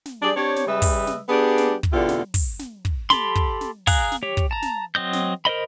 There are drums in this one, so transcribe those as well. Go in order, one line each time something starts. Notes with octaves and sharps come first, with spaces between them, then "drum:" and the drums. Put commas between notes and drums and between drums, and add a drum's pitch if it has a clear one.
drum: snare
G3 D4 G4 G#4 D5
C4 D4 G4 C#5
drum: snare
C#3 G3 B4 D#5 E5
drum: kick, open hi-hat
drum: snare
B3 D4 G4 G#4
drum: snare
drum: kick, hi-hat
E2 B2 D3 E4 F4 G4
drum: snare
drum: kick, open hi-hat
drum: snare
drum: kick, hi-hat
G4 A4 B5 C6, drum: snare
drum: kick, hi-hat
drum: snare
G#4 F5 G#5 A#5 F#6, drum: kick, open hi-hat
drum: snare
G4 C#5
drum: kick, hi-hat
A5 A#5
drum: snare
F#3 C4 D#5 G6
drum: snare
A#4 C5 D#5 B5